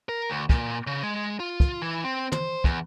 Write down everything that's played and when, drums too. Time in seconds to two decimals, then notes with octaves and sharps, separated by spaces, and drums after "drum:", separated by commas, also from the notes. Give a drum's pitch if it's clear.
0.09 A#4
0.30 D2
0.49 A#2, drum: kick
0.87 C#3
1.03 G#3
1.40 F4
1.60 drum: kick
1.82 E3
2.04 C4
2.32 C5, drum: tom
2.64 E2, drum: kick